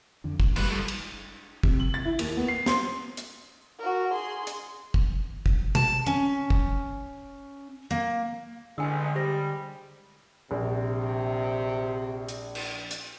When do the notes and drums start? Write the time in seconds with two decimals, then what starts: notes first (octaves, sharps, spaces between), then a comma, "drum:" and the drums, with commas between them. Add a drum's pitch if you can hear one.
0.24 F2 D3
0.40 A#2, drum: kick
0.56 F#1 G3 G#3 F4 B4, drum: cymbal
0.68 F3 A3
0.88 drum: cymbal
1.63 C3, drum: kick
1.80 F#7
1.94 A6
2.05 E4
2.19 D#2, drum: cymbal
2.37 B3
2.48 C7
2.66 C6, drum: snare
3.17 drum: hi-hat
3.79 F#4 A#4
4.13 G#4 C6
4.47 drum: hi-hat
4.94 drum: kick
5.46 drum: kick
5.75 A5, drum: tom
6.06 C#4
6.50 drum: kick
7.91 A#3
8.78 A1 D3 G#3 G#5 E6
9.15 G3 G4 C5 A#6
10.51 A#1 C3
12.29 drum: hi-hat
12.55 drum: cymbal
12.91 drum: hi-hat